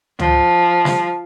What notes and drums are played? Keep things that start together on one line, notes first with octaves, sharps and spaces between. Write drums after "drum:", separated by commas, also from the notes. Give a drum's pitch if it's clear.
F3, drum: tom
drum: snare